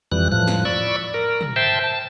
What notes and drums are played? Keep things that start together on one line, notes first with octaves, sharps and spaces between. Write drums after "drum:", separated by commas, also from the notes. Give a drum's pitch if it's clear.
F2 E3 G3 F#6
A2 F3 F#6
drum: snare
D5 B5 C#6 E6
A#4
drum: tom
C5 E5 G5 A5
A5